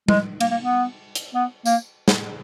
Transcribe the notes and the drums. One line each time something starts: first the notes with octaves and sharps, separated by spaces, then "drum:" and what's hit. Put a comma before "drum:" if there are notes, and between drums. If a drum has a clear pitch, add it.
G#3, drum: tom G3
A#3, drum: cymbal
A#3
B3
drum: hi-hat
B3
A#3, drum: tambourine
drum: snare